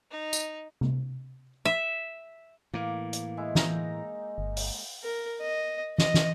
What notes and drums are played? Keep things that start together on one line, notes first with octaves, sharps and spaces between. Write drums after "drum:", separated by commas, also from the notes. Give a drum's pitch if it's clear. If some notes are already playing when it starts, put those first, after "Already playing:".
D#4
drum: tambourine
drum: tom C3
E5
A2 E3 A#3
drum: hi-hat
G#3 E4
D#4 A#5, drum: snare
G1
drum: open hi-hat
A#4
D#5
D#5, drum: snare
drum: snare